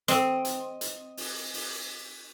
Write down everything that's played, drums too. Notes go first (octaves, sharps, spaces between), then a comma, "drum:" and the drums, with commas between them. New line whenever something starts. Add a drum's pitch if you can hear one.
C4 D#5, drum: hi-hat
drum: hi-hat
drum: hi-hat
drum: open hi-hat
drum: open hi-hat